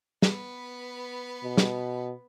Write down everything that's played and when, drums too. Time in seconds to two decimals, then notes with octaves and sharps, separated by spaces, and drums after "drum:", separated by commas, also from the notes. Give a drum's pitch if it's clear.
0.22 B3 B4, drum: snare
1.44 B2
1.57 drum: snare